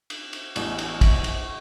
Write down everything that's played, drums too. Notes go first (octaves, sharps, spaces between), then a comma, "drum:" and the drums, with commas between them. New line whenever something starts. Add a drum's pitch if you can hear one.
drum: cymbal
drum: cymbal
A1 E2 C#6, drum: cymbal
drum: cymbal
drum: kick, cymbal
drum: cymbal